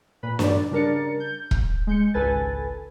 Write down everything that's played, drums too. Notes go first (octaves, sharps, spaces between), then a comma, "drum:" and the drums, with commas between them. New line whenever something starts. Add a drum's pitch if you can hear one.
A#2 B4 B5
G2 D5, drum: snare
C#3 G3 D4 A#4 A6 C#7
G6
drum: kick E1
G#3 G6 C#7
G#1 C#2 A4 B4 G#5 A6